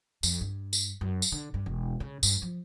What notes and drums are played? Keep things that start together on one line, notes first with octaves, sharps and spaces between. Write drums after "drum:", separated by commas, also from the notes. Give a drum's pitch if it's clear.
F2, drum: tambourine
G2
drum: tambourine
F#2
drum: tambourine
D3
G2
E1
C#3
G2, drum: tambourine
F3